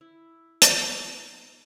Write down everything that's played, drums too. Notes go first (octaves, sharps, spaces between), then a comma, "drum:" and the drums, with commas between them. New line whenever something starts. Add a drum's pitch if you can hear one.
E4
D#4, drum: hi-hat